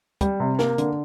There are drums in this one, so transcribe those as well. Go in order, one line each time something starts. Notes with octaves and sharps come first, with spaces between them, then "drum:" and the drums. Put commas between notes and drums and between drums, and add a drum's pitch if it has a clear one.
G3, drum: kick, hi-hat
C3
A#3, drum: snare
D3, drum: hi-hat